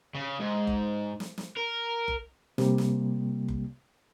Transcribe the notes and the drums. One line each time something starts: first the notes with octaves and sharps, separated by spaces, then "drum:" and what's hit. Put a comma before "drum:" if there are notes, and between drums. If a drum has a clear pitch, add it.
C#3
G#2
drum: kick F#1
drum: snare
drum: snare
A#4
drum: kick F#1
C3 G3 A#3, drum: snare
drum: snare
drum: kick F#1